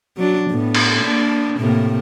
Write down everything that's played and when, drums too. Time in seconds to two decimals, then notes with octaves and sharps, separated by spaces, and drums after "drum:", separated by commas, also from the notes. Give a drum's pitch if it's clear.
0.17 F#3 D4
0.50 A2 B3
0.74 drum: cymbal
1.02 A#3 D4
1.57 A2 C3 A#3